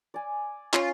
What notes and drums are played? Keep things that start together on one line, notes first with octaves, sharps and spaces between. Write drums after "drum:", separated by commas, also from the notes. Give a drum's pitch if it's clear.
D5 G#5
C#4 F4, drum: clap